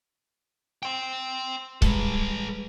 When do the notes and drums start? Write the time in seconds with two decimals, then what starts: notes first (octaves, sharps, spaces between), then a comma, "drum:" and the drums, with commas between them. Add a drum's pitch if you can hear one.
0.83 G5 C6
1.82 G3 G#3 A4 B4, drum: kick C#1